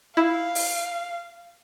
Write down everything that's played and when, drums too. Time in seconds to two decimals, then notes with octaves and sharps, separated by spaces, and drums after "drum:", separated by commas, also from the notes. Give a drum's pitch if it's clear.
0.17 E4 F5
0.55 drum: open hi-hat